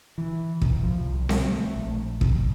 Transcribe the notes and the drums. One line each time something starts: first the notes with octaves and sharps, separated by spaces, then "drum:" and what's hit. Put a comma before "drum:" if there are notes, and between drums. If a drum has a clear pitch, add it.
E3
F1, drum: kick
F3
C2
drum: snare C4
A3
A#1
F2, drum: kick